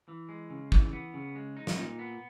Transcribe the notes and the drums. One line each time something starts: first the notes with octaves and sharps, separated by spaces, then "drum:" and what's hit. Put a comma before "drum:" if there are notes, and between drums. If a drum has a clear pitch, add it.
E3
G#3
C#3
E3, drum: kick
B3
C#3
G#3
D#4
drum: snare
A#2
B3